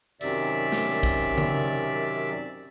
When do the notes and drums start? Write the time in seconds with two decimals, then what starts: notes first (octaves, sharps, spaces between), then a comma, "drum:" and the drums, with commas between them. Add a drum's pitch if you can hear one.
0.21 F#2 C3 D#3 D5 E5, drum: hi-hat
0.72 drum: snare
1.03 drum: kick
1.38 drum: tom C#3